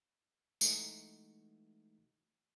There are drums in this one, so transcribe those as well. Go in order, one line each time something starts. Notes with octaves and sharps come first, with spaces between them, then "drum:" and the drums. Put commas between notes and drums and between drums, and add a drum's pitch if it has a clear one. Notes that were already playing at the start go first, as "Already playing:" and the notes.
E3 G#3 A3 D#4 F#4, drum: tambourine